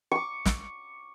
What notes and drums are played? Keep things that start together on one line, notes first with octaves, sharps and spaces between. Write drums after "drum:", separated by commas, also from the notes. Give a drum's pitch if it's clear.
C#6 D6
drum: snare